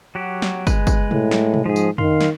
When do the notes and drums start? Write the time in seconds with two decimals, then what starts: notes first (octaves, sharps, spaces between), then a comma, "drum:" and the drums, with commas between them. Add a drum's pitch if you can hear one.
0.15 F#3 F#4 G4
0.42 drum: snare
0.67 G#3 B4, drum: kick, tambourine
0.87 drum: kick, tambourine
1.11 A2, drum: tom B2
1.31 drum: snare
1.54 drum: tom B2
1.66 G#2 F3 G#4
1.76 drum: tambourine
1.98 D#3 F5 C6, drum: tom F2
2.21 drum: snare